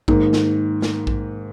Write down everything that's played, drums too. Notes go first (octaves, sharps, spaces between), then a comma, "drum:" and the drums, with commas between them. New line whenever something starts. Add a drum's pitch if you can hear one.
G#2 D#3 A#3, drum: kick A#1
drum: snare
drum: snare
drum: kick A#1